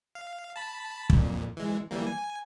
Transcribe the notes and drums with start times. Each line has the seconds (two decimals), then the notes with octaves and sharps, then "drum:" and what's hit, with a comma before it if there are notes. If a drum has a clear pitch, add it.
0.15 F5
0.56 A5 B5
1.10 F2 A#2, drum: kick
1.57 E3 G#3
1.91 E3 G3 A#3
2.07 G#5